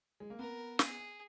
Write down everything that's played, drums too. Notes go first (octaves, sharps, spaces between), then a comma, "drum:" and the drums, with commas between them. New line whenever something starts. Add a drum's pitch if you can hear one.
G#3
A#3
B3 A#4
G#4, drum: snare